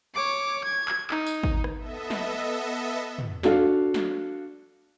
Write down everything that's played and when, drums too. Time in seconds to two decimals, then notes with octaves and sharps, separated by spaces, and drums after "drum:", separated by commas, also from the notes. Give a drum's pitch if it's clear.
0.15 C#5 D6
0.64 G#6
0.88 drum: clap
1.10 D#4, drum: clap
1.27 drum: tambourine
1.43 drum: kick G#1
1.64 drum: rim click
1.78 B3 A4 D#5 E5
2.10 drum: snare
3.18 drum: tom
3.43 D4 F#4 A4 F5, drum: snare
3.94 drum: snare